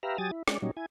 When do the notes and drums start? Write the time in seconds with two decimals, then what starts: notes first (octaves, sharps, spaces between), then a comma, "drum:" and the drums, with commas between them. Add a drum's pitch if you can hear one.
0.03 G4 B4 E5 F5 A#5
0.18 F#3 G4 G#5 D#6 A6
0.31 E4
0.48 G#3 C#4 D5, drum: rim click
0.62 A#2 F#3 G3 C#4 D#4
0.77 E4 G#5